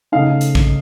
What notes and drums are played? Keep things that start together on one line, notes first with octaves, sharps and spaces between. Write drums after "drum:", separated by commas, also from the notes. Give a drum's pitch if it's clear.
C#3 A3 D#4 F5
drum: hi-hat
drum: kick